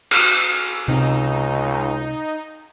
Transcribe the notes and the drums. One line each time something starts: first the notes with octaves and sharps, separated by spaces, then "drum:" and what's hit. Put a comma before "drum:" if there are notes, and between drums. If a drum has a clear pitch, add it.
drum: cymbal
C#2 C3 D#4